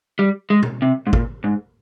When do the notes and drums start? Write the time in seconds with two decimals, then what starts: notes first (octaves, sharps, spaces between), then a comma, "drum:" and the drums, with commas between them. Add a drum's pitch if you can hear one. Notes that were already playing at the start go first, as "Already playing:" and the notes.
0.19 G3
0.50 G#3
0.63 drum: tom
0.82 C3
1.07 G#2
1.13 A#2, drum: kick
1.44 G#2